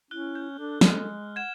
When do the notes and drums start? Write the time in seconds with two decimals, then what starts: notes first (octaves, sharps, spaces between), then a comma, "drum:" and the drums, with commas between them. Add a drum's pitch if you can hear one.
0.11 C#4 E4 F#6 G7
0.35 G6
0.58 D4 A4
0.81 G#3 F6, drum: snare
1.36 F#5 G#6 E7